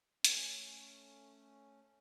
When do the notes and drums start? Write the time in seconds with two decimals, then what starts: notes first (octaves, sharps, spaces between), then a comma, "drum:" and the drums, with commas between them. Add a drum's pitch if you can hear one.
0.24 A3 C#4, drum: hi-hat